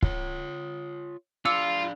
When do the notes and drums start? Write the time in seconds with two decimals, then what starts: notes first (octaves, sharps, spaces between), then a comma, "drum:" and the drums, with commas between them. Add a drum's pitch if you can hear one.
0.02 F4 C#5, drum: kick
1.45 D4 F4 F5 D6 E6 C#7